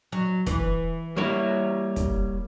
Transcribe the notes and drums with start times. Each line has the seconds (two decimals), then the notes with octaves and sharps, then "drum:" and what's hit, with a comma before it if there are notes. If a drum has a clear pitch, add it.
0.12 F#3
0.46 E3, drum: kick, hi-hat
1.16 G3 A#3 E4 C#5
1.96 drum: kick, hi-hat